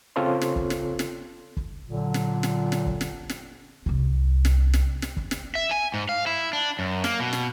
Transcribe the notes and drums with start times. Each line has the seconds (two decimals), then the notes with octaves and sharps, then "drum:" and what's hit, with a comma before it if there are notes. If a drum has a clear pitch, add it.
0.16 C#3 C4 F4 A4 C#5 C6
0.41 drum: snare
0.56 drum: kick
0.70 drum: snare
0.99 drum: snare
1.57 drum: kick
1.88 A#2 D3 F#3
2.14 drum: snare
2.43 drum: snare
2.72 drum: snare
2.86 drum: kick
3.01 drum: snare
3.29 drum: snare
3.86 C2 G#3, drum: kick
4.45 drum: snare
4.73 drum: snare
5.02 drum: snare
5.17 drum: kick
5.31 drum: snare
5.55 E5
5.71 G#5
5.94 G#2
6.09 F5
6.27 E4
6.53 D4
6.79 F#2
7.04 A#3, drum: snare
7.20 B2
7.33 drum: snare